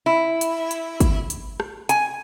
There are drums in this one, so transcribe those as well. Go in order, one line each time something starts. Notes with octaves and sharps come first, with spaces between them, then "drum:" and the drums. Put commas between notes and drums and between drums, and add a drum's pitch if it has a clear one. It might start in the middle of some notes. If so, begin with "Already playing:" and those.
E4
drum: hi-hat
drum: hi-hat
drum: kick, hi-hat
drum: hi-hat
drum: rim click
G#5, drum: hi-hat